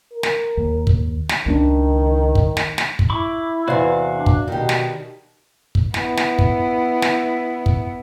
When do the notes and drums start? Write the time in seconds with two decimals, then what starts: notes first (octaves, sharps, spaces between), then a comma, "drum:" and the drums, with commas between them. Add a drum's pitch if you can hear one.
0.12 A#4
0.23 drum: snare
0.57 D#2
0.87 drum: kick
1.29 drum: snare
1.46 C#2 D#3 A3 D4
2.35 drum: kick
2.57 drum: snare
2.78 drum: snare
2.99 drum: kick
3.10 E4 B5 C#6 D6
3.68 E2 C3 F#4 D5 F5
4.14 D4
4.26 drum: kick
4.48 B2 D#3 G4
4.69 drum: snare
5.75 drum: kick
5.94 B3 E4, drum: snare
6.17 drum: snare
6.39 drum: kick
7.02 drum: snare
7.66 drum: kick